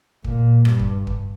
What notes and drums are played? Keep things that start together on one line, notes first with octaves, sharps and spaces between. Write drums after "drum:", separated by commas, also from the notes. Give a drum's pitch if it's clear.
A#2, drum: kick
G2, drum: rim click
drum: kick
drum: kick